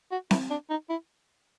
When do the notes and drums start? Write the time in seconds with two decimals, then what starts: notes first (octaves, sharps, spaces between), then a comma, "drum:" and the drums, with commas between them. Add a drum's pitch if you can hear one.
0.11 F#4
0.31 E4, drum: snare C4
0.50 D4
0.70 D#4
0.89 E4